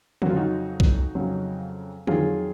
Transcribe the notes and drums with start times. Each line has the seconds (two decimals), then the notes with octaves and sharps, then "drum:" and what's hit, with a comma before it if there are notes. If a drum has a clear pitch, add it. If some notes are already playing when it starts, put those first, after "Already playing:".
0.22 F2 C#3 F#3 F#4, drum: tom D3
0.30 F4
0.37 D#4 F#4
0.80 drum: kick B1
1.15 F2 C#3 F#3
2.07 F2 D#3 F#3 F4 G#4, drum: tom D3